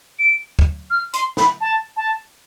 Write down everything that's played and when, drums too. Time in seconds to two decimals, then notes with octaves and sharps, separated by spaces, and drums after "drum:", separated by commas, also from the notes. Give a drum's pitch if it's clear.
0.19 D7
0.59 drum: kick
0.90 F6
1.13 C6, drum: hi-hat
1.37 B5, drum: snare
1.61 A5
1.96 A5